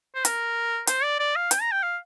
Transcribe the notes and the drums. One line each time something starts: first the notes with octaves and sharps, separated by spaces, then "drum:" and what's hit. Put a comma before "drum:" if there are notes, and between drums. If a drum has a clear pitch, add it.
C5
A#4, drum: hi-hat
C5, drum: hi-hat
D5
D5
F5
G5, drum: hi-hat
A#5
G5
F5